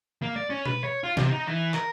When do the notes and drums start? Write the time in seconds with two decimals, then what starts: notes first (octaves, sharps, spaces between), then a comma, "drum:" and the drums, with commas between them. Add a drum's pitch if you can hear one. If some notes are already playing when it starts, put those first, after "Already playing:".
0.22 A#3
0.36 D5
0.50 C#4
0.66 B4, drum: tom B2
0.84 C#5
1.04 F4
1.17 C3, drum: snare
1.31 D#4
1.47 E3
1.74 A#4, drum: clap